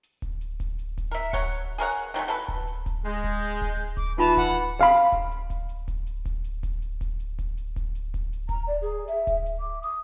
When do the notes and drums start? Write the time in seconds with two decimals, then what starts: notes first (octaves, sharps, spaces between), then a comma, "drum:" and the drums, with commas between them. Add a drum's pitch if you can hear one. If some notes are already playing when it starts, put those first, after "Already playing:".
0.03 drum: hi-hat
0.22 drum: kick D1, hi-hat
0.41 drum: hi-hat
0.60 drum: kick D1, hi-hat
0.79 drum: hi-hat
0.98 drum: kick D1, hi-hat
1.11 A#4 E5
1.33 F#3 C#5 F#5, drum: kick D1, hi-hat
1.54 drum: hi-hat
1.78 G#4 A#4 C#5 F#5
1.92 drum: hi-hat
2.14 D#3 F#3 G#3 A3
2.28 F#3 A4 B4, drum: hi-hat
2.48 drum: kick D1, hi-hat
2.67 drum: hi-hat
2.86 drum: kick D1, hi-hat
3.05 G#3 G6, drum: hi-hat
3.24 drum: kick D1, hi-hat
3.43 drum: hi-hat
3.61 drum: kick D1, hi-hat
3.80 drum: hi-hat
3.97 D6, drum: kick D1, hi-hat
4.18 E3 D#4 F4 B4 A5 B5, drum: hi-hat
4.37 F#5, drum: kick D1, hi-hat
4.81 F5 B5
4.93 drum: hi-hat
5.12 drum: kick D1, hi-hat
5.31 drum: hi-hat
5.50 drum: kick D1, hi-hat
5.69 drum: hi-hat
5.88 drum: kick D1, hi-hat
6.07 drum: hi-hat
6.25 drum: kick D1, hi-hat
6.44 drum: hi-hat
6.63 drum: kick D1, hi-hat
6.82 drum: hi-hat
7.01 drum: kick D1, hi-hat
7.20 drum: hi-hat
7.39 drum: kick D1, hi-hat
7.57 drum: hi-hat
7.76 drum: kick D1, hi-hat
7.95 drum: hi-hat
8.14 drum: kick D1, hi-hat
8.33 drum: hi-hat
8.49 A#5, drum: kick D1, hi-hat
8.67 D5
8.81 G#4
9.08 E5, drum: hi-hat
9.27 drum: kick D1, hi-hat
9.46 drum: hi-hat
9.60 D6
9.83 D#6, drum: hi-hat